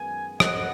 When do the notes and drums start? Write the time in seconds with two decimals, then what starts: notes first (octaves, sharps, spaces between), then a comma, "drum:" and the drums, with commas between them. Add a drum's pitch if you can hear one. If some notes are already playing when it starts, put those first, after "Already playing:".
Already playing: F#2 D#3 G#3 B3 G#5
0.40 B2 F#3 B3 D#5 F#5, drum: rim click